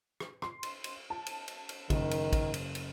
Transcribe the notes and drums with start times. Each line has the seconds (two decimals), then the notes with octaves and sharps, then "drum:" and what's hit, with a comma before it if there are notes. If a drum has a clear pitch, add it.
0.20 drum: rim click
0.42 C6, drum: rim click
0.63 drum: cymbal
0.84 drum: cymbal
1.10 A5
1.26 drum: cymbal
1.48 drum: cymbal
1.69 drum: cymbal
1.90 F#1 D#3, drum: kick A1, cymbal
2.11 drum: cymbal
2.33 drum: kick A1, cymbal
2.54 drum: cymbal
2.75 drum: cymbal